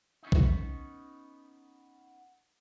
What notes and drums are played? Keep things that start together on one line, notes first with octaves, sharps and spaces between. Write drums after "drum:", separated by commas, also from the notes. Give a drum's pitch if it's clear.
B3 C#4 D#4
drum: kick B1